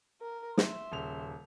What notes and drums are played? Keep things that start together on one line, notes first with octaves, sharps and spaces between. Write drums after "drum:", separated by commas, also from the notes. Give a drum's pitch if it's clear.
A#4
E5 C6, drum: snare
D#1 C#3 F7